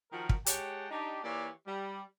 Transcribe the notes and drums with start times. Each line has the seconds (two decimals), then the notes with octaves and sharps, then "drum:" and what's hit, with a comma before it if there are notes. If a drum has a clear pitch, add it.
0.12 D#3 F3 F#4 A#4
0.29 drum: kick
0.46 G#3 G4 C#5 F#5 G5 A5, drum: hi-hat
0.91 D4 D#4 G4
1.23 E3 A#3 F4 G4 C#5 D5
1.66 G3